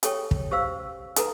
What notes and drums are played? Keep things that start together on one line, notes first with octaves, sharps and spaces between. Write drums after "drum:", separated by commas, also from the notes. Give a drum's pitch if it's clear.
G4 A4 C#5 G5, drum: hi-hat
drum: kick
C#4 G4 C5 F5 E6
D#4 A4 B4 A#5, drum: hi-hat